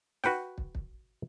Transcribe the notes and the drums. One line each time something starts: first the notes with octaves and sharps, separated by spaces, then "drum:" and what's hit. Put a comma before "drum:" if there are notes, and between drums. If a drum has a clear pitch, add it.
F#4 B4 F#5 G5, drum: snare
drum: kick
drum: kick